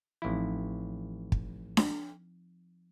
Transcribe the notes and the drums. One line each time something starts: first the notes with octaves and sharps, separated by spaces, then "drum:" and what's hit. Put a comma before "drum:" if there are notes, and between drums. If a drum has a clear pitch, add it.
A1 F3 C4 D#4 E4
drum: kick
drum: snare D4